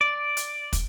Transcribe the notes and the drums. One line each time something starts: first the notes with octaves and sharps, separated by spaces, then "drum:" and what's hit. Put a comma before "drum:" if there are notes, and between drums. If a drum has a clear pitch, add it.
D5
drum: hi-hat
drum: kick, hi-hat